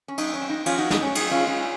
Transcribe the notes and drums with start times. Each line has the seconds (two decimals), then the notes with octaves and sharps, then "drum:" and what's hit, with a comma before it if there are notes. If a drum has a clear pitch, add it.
0.08 C#4
0.18 F#2 D#4, drum: cymbal
0.34 C#4
0.41 C4
0.49 D#4
0.66 F3 C#4 F4, drum: cymbal
0.78 D#4 F#4
0.90 F#2 D#4, drum: snare
1.02 C#4
1.15 F#2 D#4, drum: cymbal
1.31 C#4 F4
1.40 G#3
1.47 C#4 F4